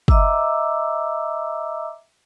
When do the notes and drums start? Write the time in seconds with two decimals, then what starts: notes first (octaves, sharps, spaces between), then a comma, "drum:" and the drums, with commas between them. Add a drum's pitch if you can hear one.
0.08 D#5 E5 A#5 D6 E6, drum: kick